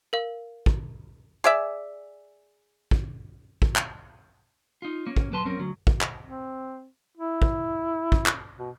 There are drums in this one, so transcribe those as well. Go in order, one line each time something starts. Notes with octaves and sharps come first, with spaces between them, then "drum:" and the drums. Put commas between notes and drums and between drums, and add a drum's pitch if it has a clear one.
A#4 F5
drum: kick
G#4 D5 E5
drum: kick
drum: kick
drum: clap
D#4 F4
A#3 C#4
drum: kick
F#3 B4 A5 C6
F#3 C4 C#4 A#4
D2 F#3
drum: kick
drum: clap
C4
E4
drum: kick
drum: kick
drum: clap
B2